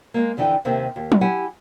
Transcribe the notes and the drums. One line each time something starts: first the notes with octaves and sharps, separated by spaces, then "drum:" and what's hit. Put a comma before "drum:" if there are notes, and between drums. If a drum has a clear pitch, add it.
G#3 A#3
F2 D3 E3 D#4 G5
D#2 C3 D#3 A#3 C4 E5
D#2
drum: tom F#3
E4 G4 F#5 G#5